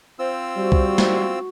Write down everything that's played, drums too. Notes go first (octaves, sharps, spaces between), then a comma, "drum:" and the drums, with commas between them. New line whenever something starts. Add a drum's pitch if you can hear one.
C4 F4 C5 E6
G3 F#4
drum: kick C2
drum: snare